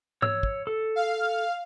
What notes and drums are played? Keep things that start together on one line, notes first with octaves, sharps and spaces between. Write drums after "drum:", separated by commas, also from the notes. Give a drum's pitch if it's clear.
C#5 E6, drum: tom G#2
drum: kick
A4
F5